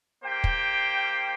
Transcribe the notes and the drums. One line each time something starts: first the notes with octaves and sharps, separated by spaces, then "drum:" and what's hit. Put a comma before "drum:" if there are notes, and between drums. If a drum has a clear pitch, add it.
A#3 G4 C5 G5
drum: kick